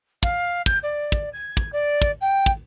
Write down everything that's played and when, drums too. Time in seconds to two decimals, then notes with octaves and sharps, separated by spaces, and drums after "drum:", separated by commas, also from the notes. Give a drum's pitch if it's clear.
0.23 F5, drum: kick
0.66 G6, drum: kick
0.83 D5
1.12 drum: kick
1.33 G#6
1.57 drum: kick
1.73 D5
2.02 drum: kick
2.21 G5
2.46 drum: kick